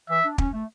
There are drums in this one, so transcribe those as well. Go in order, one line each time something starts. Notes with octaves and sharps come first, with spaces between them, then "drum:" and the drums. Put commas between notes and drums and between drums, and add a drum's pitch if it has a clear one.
E3 E5
D4
C#4, drum: kick
A3